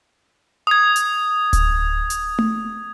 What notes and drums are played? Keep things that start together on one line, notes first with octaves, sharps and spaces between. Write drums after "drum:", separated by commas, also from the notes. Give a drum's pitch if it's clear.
D#6 G#6
drum: hi-hat
drum: kick D1, hi-hat
drum: hi-hat
drum: tom A3